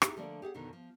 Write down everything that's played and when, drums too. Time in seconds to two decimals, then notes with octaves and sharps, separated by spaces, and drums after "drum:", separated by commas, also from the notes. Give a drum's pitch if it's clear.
0.02 C4 D#4 E4 G4 G#4 G5, drum: rim click
0.17 D3 F3 A3 A#3 D5
0.42 G4 G#4 E5 F#5
0.54 F2 B2 D3 D#3
0.73 F3